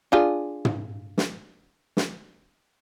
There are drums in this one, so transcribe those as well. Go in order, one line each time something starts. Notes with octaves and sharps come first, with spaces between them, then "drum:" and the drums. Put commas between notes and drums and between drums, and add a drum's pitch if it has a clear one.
D4 F4 G#4
drum: tom
drum: snare
drum: snare